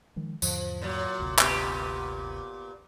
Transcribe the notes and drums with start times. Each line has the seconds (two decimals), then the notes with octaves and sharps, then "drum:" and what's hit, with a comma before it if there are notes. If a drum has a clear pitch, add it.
0.16 D#3 F3 G#3
0.42 E2 G#2 D3 F3, drum: tambourine
0.82 A#2 F#3
1.19 G1 D2 C3
1.39 A#2 B3 G4, drum: clap